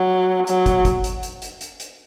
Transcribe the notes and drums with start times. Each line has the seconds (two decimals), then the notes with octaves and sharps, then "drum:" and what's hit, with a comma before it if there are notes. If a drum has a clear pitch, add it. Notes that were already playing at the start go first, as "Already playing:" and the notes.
Already playing: F#3
0.47 F#3, drum: hi-hat
0.66 drum: kick, hi-hat
0.85 drum: kick, hi-hat
1.04 drum: hi-hat
1.23 drum: hi-hat
1.42 drum: hi-hat
1.61 drum: hi-hat
1.80 drum: hi-hat